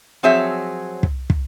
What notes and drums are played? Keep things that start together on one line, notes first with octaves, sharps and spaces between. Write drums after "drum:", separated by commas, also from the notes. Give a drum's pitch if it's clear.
F3 F#3 C4 G#4 C#5 E5
drum: kick
drum: kick